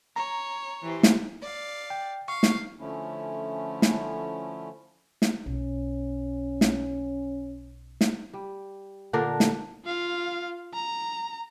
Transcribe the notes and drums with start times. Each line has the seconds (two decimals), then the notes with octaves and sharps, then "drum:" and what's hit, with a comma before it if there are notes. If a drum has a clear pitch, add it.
0.16 C#5 A#5
0.83 E3 G4 C5
1.03 drum: snare
1.42 D5 F5
1.90 G5
2.28 F5 C#6
2.43 drum: snare
2.80 D3 F3 A3 C#4 E4
3.82 drum: snare
5.22 drum: snare
5.46 B1 C#4
6.61 drum: snare
8.01 drum: snare
8.33 G3
9.13 A#2 D3 D4 A#4
9.40 drum: snare
9.85 F4 F5
10.74 A#5